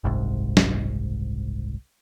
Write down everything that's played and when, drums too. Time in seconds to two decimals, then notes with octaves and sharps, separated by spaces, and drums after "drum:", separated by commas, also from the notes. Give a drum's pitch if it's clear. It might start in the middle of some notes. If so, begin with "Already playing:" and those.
0.04 F#1 C2 G#2
0.57 drum: snare